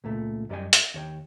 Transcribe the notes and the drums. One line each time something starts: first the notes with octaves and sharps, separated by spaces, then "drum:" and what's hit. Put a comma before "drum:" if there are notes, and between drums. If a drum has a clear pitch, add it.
C#2 A#2 A3
F#2 G3 D5 D#5 G5 G#5
E5, drum: hi-hat
D#2 C#5 G5